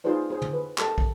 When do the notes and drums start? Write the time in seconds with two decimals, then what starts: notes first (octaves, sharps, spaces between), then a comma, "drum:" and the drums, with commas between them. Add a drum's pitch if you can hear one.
0.04 D#4 F4 G#4 B4 C5 D5
0.30 G#4 C5
0.42 drum: tom
0.53 B4
0.78 G4 A4 A#4 D#5 A5, drum: clap
0.98 drum: kick